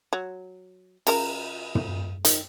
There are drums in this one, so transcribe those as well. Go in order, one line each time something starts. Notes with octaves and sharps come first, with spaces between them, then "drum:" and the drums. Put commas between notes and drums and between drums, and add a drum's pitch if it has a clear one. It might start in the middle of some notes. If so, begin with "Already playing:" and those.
F#3
C#3 A#4 A#5, drum: cymbal
drum: tom
D#3, drum: hi-hat